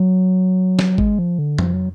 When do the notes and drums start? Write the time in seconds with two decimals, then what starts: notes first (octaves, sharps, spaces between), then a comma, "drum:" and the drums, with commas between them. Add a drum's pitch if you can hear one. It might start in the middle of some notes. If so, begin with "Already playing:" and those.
Already playing: F#3
0.79 drum: snare
0.98 G#3, drum: kick G#1
1.19 F3
1.39 D3
1.58 F3, drum: tom F2
1.73 F#3